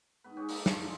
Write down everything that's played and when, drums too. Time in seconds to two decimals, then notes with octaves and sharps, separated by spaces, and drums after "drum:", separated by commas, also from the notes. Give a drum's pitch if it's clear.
0.24 G#2 B3 B4
0.37 B3 C#4 F#4 G4
0.49 A#3 D4 D#4 A4, drum: open hi-hat
0.66 F4, drum: snare
0.80 G#3 C4 D4